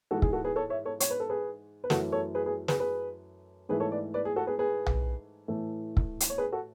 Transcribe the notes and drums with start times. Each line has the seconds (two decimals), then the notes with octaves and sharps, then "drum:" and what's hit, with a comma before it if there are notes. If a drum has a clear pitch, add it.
0.11 G#2 E3 G#3 F#4 A4
0.22 G#4, drum: kick
0.33 F#4 A4
0.44 G#4 B4
0.56 A4 C#5
0.70 C#5 E5
0.85 A4 C#5
1.00 C#5, drum: hi-hat
1.11 B4
1.20 A4
1.30 G#4 B4
1.84 B4
1.90 F#2 E3 A3 F#4 A4, drum: snare
2.12 A4 C#5
2.35 G#4 B4
2.46 G#4 B4
2.68 G#4 B4, drum: snare
2.80 G#4 B4
3.69 G#2 E3 A3 G#4 B4
3.80 A4 C#5
3.92 B4 D5
4.14 B4 D5
4.25 G#4
4.36 F#4 A4
4.47 G#4 B4
4.59 G#4 B4
4.86 drum: tom B1
5.48 A2 E3 A3
5.97 drum: kick
6.20 drum: hi-hat
6.30 C#5
6.38 G#4 B4
6.52 F#4 A4